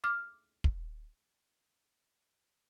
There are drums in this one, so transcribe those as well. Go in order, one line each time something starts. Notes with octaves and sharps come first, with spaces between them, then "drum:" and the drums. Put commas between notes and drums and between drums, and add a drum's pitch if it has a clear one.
D6 F6
drum: kick